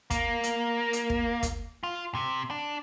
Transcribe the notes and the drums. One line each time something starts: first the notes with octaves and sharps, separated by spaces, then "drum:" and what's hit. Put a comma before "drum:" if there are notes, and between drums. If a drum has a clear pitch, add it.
A#3, drum: kick, hi-hat
drum: hi-hat
drum: hi-hat
drum: kick
drum: kick, hi-hat
F4
C3
D4